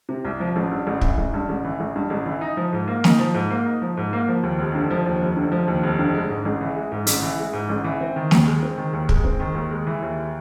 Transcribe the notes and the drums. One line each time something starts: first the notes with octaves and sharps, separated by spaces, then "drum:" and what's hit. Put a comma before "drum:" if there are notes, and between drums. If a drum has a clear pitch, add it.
C3
C2
F3
A1
G2
A1
E3, drum: kick
A1
G2
A1
E3
A1
G2
A1
E3
D#4
F3
G#2
A#3
D#4, drum: snare
F3
G#2
A#3
D#4
F3
G#2
A#3
F3
D#2
F1
D3
F3
D#2
F1
D3
F3
D#2
F1
D3
G#3
G#2
A1
E3
G#3
G#2
A1, drum: hi-hat
E3
G#3
G#2
A1
E3
C4
D#3
D#2, drum: snare
G#3
C4
D#3
D#2
G#3, drum: kick
C4
D#3
D#2
G#3
E3
D#2